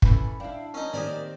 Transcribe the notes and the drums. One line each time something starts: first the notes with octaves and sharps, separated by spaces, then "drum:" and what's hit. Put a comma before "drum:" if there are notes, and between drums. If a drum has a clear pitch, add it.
E3 C#4 A4 B5, drum: kick
D4 E4 E5 F5 G5
C#4 D#4 A#4 C#5
D#3 A#3 C4 G4 D5 D#5 G#5